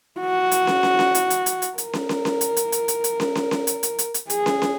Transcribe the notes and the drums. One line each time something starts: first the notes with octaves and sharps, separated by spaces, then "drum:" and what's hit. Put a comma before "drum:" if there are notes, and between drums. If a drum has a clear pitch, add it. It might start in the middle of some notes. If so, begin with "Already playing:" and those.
F#4
drum: hi-hat
drum: snare
drum: snare
drum: snare
drum: hi-hat
drum: hi-hat
drum: hi-hat
drum: hi-hat
A#4, drum: hi-hat
drum: snare
drum: snare
drum: snare
drum: hi-hat
drum: hi-hat
drum: hi-hat
drum: hi-hat
drum: hi-hat
drum: snare
drum: snare
drum: snare
drum: hi-hat
drum: hi-hat
drum: hi-hat
drum: hi-hat
G#4, drum: hi-hat
drum: snare
drum: snare